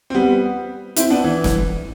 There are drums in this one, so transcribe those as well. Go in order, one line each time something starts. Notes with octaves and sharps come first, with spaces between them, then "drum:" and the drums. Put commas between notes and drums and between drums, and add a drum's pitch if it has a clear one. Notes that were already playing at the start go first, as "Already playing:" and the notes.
C4
G3 B3
C4 E4, drum: hi-hat
B3 D4
E3
drum: snare